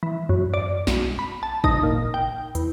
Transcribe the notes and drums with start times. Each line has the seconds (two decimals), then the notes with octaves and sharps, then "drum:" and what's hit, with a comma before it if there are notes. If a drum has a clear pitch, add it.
0.03 E3
0.29 F#2
0.54 D5
0.87 B1, drum: snare
1.19 B5
1.43 A5
1.64 D#4, drum: kick G#1
1.83 A#2
2.14 G5
2.55 E2, drum: hi-hat